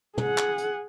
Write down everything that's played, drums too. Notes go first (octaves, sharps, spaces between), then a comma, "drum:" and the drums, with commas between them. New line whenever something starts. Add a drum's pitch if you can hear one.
G#4 F#5, drum: tom
drum: clap
drum: hi-hat